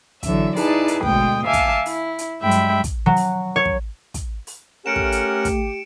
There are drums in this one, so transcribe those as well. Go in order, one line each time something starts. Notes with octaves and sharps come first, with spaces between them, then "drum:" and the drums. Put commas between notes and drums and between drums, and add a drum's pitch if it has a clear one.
D3 E3 F#3 E5, drum: kick, hi-hat
D#4 E4 G#4 B4 D5 A5, drum: open hi-hat
drum: hi-hat
D2 B2 G#3 G5 D#6, drum: kick
E5 F5 G#5 A5 D6
drum: kick, hi-hat
E4, drum: open hi-hat
drum: hi-hat
G2 F#3 G#3 E5 G5 B5
drum: hi-hat
drum: kick, hi-hat
F#3
drum: open hi-hat
C#5
drum: kick
drum: kick, hi-hat
drum: open hi-hat
A3 C#4 G4 A#4 F#5 C#7 D7 E7
drum: kick
drum: hi-hat
drum: kick, hi-hat